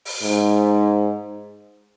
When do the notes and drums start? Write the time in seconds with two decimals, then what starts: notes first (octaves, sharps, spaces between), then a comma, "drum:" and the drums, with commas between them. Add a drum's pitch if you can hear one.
0.05 drum: open hi-hat
0.23 G#2, drum: hi-hat